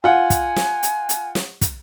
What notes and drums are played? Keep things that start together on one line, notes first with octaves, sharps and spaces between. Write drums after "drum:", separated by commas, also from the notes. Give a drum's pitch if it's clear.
F4 F#5 G#5
drum: kick, hi-hat
drum: snare
drum: hi-hat
drum: hi-hat
drum: snare
drum: kick, hi-hat